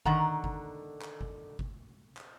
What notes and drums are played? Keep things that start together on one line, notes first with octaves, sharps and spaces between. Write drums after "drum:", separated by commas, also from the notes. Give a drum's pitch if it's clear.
D3 D#3 F#5 A#5, drum: kick G1
drum: kick G1
drum: clap
drum: kick G1
drum: kick G1
drum: clap